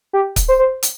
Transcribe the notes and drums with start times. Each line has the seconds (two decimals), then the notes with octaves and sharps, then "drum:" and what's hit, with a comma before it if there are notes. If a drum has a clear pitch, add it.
0.13 G4
0.36 drum: kick C#1, hi-hat
0.48 C5
0.59 C5
0.83 drum: hi-hat